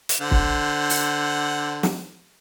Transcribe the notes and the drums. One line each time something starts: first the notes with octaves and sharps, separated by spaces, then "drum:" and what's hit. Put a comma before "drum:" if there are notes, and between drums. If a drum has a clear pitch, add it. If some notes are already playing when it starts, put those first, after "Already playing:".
drum: hi-hat
D3 C5 F#5
drum: kick
drum: open hi-hat
drum: snare